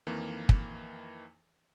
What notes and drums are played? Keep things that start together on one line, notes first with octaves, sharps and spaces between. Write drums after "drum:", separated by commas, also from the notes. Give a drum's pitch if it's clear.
F2 D#3 E3 A#3
drum: kick